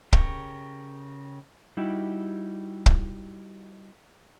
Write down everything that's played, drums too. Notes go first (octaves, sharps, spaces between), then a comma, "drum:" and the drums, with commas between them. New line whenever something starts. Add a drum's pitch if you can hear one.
C#3 G4 A#4 C#6, drum: kick
G3 D#4 E4 F#4 G4
drum: kick